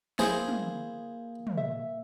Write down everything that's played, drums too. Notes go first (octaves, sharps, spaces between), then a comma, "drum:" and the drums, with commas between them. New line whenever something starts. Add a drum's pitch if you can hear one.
A#3 E4 G#4 C5, drum: snare
drum: tom
drum: tom
E5